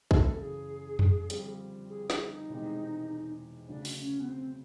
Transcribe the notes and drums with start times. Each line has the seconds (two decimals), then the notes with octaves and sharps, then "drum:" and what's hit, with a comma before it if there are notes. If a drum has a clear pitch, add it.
0.11 F#1 F#2 C#3 E3 A4, drum: kick
0.40 G#4
0.99 drum: tom F2
1.30 F2 D3 G3 C4 F4, drum: hi-hat
1.89 G#4
2.10 G#4, drum: snare
2.30 D#4
2.49 E1 E2 C3 D#3 G#3
3.68 D2 C#3 F#3 D4
3.85 drum: open hi-hat
3.99 C#4
4.20 B3
4.29 C4